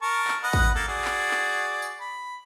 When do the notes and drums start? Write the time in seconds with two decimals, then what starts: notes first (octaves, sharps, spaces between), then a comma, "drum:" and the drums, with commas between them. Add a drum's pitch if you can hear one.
0.02 A#4 A5 C#6
0.28 drum: clap
0.43 B4 D#5 F#5
0.53 drum: kick
0.75 A#3 A4
0.88 F#4 G#4 D5
1.05 drum: clap
1.31 drum: clap
1.82 drum: tambourine
2.00 B5